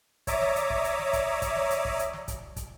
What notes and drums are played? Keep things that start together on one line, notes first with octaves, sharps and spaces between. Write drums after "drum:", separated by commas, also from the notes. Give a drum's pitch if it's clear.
C#5 D5 E5 A#5 D6 D#6, drum: kick, hi-hat
drum: snare
drum: hi-hat
drum: kick
drum: hi-hat
drum: snare
drum: kick, hi-hat
drum: kick, hi-hat
drum: snare
drum: hi-hat
drum: kick
drum: hi-hat
drum: snare
drum: kick, hi-hat
drum: kick, hi-hat